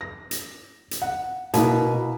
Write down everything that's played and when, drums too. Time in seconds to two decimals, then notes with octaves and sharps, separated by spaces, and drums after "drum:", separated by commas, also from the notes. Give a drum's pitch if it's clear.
0.01 A#6
0.31 drum: hi-hat
0.91 drum: hi-hat
1.02 F#5
1.54 B2 A#3 E4, drum: hi-hat